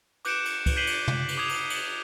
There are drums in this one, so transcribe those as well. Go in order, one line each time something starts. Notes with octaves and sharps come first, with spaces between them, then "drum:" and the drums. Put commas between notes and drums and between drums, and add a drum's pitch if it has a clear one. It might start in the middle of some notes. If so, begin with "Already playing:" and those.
D6 F#6 G6 C#7 D7 E7, drum: cymbal
drum: cymbal
drum: kick C#2, cymbal
G6 B6 C7 D#7 F#7 G7
drum: cymbal
drum: tom
drum: cymbal
D6 D#6 G#6 F7
drum: cymbal
drum: cymbal